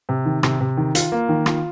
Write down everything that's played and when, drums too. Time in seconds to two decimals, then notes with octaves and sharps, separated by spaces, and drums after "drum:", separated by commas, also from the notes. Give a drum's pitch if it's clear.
0.09 C3
0.25 D#3
0.43 C3, drum: rim click
0.61 C3
0.77 D#3
0.95 F4, drum: hi-hat
1.12 A#3
1.29 D#3
1.46 F4, drum: rim click